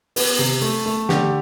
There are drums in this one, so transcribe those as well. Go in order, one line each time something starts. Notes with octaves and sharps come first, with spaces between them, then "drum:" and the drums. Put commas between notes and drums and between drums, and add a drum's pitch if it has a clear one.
B3, drum: open hi-hat
C3
A3
A3
D3 G4, drum: snare